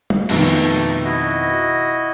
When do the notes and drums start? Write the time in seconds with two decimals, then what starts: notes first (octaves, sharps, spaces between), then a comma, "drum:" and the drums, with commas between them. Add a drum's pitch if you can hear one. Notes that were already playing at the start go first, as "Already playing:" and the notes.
0.10 drum: tom G3
0.29 F2 B2 D#3 A3 A4, drum: cymbal
1.05 E4 F#4 D#5